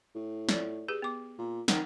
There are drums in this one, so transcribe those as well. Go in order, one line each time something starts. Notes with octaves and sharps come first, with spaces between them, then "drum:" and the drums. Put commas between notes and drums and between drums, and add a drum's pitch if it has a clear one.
A2
F4 D5, drum: snare
G4 G#4 B4
B3 D6
A#2
D#3 F#5, drum: snare